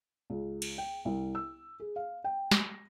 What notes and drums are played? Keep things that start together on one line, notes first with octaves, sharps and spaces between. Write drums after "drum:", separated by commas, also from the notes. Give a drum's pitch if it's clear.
C#2
drum: cymbal
G5
C2
E6
G#4
F5
G5
A#6, drum: snare